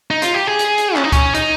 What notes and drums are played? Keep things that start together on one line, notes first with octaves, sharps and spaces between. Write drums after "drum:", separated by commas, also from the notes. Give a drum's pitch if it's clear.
D#4
F4, drum: hi-hat
G4
G#4
drum: hi-hat
drum: hi-hat
C#4, drum: clap
D#4
C#4, drum: kick C#2, hi-hat
D#4, drum: hi-hat